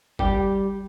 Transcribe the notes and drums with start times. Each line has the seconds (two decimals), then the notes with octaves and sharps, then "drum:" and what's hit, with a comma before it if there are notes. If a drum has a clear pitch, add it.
0.19 G3 G4, drum: kick G1